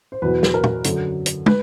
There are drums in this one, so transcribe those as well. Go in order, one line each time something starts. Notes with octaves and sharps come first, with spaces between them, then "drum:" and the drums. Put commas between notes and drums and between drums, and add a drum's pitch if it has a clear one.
C5
E2 B2 F#3 B4
drum: snare
A#4
drum: tom
F#2 D3 F#3, drum: hi-hat
drum: hi-hat
B4, drum: tom